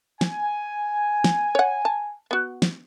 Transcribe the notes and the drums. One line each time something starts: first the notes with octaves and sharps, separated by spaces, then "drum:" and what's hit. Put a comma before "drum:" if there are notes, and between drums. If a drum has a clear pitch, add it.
G#5, drum: snare
drum: snare
C#5 F#5
A5
B3 F#4
drum: snare